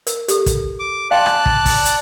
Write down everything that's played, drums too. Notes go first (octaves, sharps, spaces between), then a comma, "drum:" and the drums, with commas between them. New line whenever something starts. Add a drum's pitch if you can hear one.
A#4, drum: hi-hat
G4 A4, drum: hi-hat
drum: kick, hi-hat
D6
D5 F5 G5 A5 C6 F#6
drum: rim click
drum: kick
drum: kick, open hi-hat
drum: hi-hat